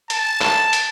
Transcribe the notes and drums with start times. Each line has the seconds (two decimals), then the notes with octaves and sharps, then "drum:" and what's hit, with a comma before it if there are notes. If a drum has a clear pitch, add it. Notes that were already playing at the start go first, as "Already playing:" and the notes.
0.10 A5, drum: hi-hat
0.41 drum: clap
0.73 drum: hi-hat